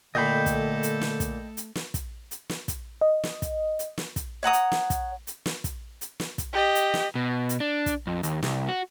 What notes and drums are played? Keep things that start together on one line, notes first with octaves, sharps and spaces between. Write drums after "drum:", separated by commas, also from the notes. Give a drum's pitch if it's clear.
A#2 D3 A3 A4 D#5 G5 B5
drum: kick, hi-hat
drum: hi-hat
drum: snare
drum: kick, hi-hat
drum: hi-hat
drum: snare
drum: kick, hi-hat
drum: hi-hat
drum: snare
drum: kick, hi-hat
D#5
drum: snare
drum: kick, hi-hat
drum: hi-hat
drum: snare
drum: kick, hi-hat
C#5 F#5 A#5 D#6
drum: hi-hat
drum: snare
drum: kick, hi-hat
drum: hi-hat
drum: snare
drum: kick, hi-hat
drum: hi-hat
drum: snare
drum: kick, hi-hat
G4 D#5
drum: hi-hat
drum: snare
B2
drum: hi-hat
D4
drum: kick, hi-hat
F2
D#2, drum: hi-hat
C2, drum: snare
F#4